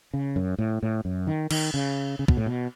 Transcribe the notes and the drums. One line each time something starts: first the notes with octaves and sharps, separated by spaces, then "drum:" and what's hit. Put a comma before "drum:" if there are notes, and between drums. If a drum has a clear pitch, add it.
C#3
F#2
A2
A2
F#2
D#3
D#3, drum: cymbal
C#3
C#3
B2, drum: kick
A2
B2